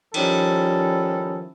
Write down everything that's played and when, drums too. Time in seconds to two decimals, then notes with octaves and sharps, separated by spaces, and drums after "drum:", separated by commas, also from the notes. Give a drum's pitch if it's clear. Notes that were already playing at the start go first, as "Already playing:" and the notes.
0.14 D#3 F3 G3 C#4 E4 A4, drum: cymbal